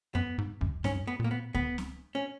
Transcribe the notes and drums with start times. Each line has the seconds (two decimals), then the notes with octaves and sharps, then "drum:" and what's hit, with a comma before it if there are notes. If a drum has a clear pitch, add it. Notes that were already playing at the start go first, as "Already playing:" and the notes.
0.15 F#2 B3
0.38 G#2
0.61 F#2, drum: kick C#2
0.84 G#2 C#4, drum: snare C4
0.94 F#2
1.03 G#2
1.07 B3
1.20 A#2 A#3
1.31 B3
1.55 B3, drum: kick C#2
1.78 drum: snare C4
2.15 C#4